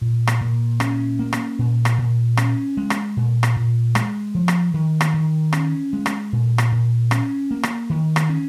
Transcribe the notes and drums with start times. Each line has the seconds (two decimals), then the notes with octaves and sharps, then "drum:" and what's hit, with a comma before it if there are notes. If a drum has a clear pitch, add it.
0.01 A#2
0.27 drum: rim click
0.41 A#2
0.80 C#4, drum: rim click
1.19 A#3
1.33 drum: rim click
1.59 A#2
1.85 drum: rim click
1.98 A#2
2.37 C#4, drum: rim click
2.77 G#3
2.90 drum: rim click
3.17 A#2
3.43 drum: rim click
3.56 A#2
3.95 G#3, drum: rim click
4.35 F3
4.48 drum: rim click
4.74 D#3
5.01 drum: rim click
5.14 D#3
5.53 C#4, drum: rim click
5.93 G#3
6.06 drum: rim click
6.33 A#2
6.58 drum: rim click
6.72 A#2
7.11 C#4, drum: rim click
7.51 A#3
7.63 drum: rim click
7.90 D#3
8.16 drum: rim click
8.29 C#4